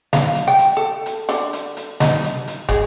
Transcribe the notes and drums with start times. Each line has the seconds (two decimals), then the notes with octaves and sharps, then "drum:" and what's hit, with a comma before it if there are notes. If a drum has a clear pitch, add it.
0.13 F5, drum: snare
0.35 drum: hi-hat
0.48 G5
0.59 drum: hi-hat
0.77 A4
1.06 drum: hi-hat
1.29 D3, drum: hi-hat
1.53 drum: hi-hat
1.77 drum: hi-hat
2.00 D#4, drum: snare
2.24 drum: hi-hat
2.48 drum: hi-hat
2.69 G#3, drum: kick, hi-hat